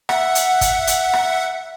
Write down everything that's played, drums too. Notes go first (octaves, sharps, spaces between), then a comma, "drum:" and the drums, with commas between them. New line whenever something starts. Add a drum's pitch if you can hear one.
E5 F#5, drum: rim click
drum: hi-hat
drum: kick, hi-hat
drum: hi-hat
drum: rim click